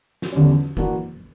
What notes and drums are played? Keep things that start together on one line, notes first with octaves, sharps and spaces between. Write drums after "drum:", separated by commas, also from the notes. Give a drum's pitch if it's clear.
drum: snare
E2 D3 G3 C#4
E3 A#3 D4 F#4, drum: kick